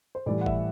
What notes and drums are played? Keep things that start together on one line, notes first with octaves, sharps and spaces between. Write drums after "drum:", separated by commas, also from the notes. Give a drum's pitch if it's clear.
C5
A2 E3 G3 D5
F#5
E5, drum: kick G1